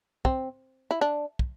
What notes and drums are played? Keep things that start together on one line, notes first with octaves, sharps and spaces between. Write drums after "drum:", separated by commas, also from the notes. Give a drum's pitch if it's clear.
C4, drum: kick
E4
D4
drum: kick